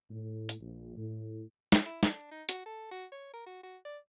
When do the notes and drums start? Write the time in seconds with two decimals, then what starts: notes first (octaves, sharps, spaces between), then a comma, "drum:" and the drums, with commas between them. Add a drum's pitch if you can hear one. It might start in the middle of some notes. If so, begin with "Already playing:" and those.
0.10 A2
0.49 drum: hi-hat
0.60 A#1
0.96 A2
1.72 drum: snare
1.86 E4
2.03 D4, drum: snare
2.31 D#4
2.49 F#4, drum: hi-hat
2.66 A4
2.91 F#4
3.12 C#5
3.33 A#4
3.46 F#4
3.63 F#4
3.85 D5